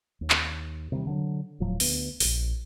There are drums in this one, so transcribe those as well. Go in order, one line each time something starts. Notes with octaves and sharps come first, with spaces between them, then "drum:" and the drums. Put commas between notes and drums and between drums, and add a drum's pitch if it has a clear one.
D#2
drum: clap
C3 D#3 E3 G3
D3 F#3
D#1 A2 F3 F#3
D2 B3, drum: open hi-hat
D1 A#1, drum: open hi-hat